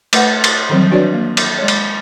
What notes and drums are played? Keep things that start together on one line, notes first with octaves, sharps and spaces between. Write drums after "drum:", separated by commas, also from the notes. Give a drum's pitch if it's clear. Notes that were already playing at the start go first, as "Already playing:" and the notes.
A3 B4 F#5, drum: cymbal
drum: cymbal
D#3 E3 F#3 G3 C4
D4 F#4 B4 C#5 D5
A#3
drum: cymbal
G#3 C#5
drum: cymbal